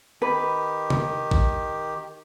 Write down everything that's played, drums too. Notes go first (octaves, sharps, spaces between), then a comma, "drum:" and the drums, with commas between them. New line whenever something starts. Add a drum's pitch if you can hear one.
D#3 G4 B4
drum: tom C3
drum: kick A1